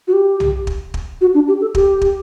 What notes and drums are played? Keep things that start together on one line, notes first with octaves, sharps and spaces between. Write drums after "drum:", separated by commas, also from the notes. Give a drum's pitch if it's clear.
F#4
G4
drum: tom
drum: kick
drum: kick
F#4
D4
G4
A4
G4, drum: kick
drum: kick